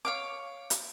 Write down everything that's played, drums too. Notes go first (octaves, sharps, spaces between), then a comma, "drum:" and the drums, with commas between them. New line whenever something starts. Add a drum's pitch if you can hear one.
C#5 F5 D6
drum: hi-hat